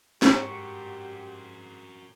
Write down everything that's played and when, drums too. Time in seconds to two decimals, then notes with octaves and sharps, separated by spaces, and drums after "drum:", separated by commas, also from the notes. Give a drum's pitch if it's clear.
0.22 G#2 F#4 G4 A#4 C#6, drum: snare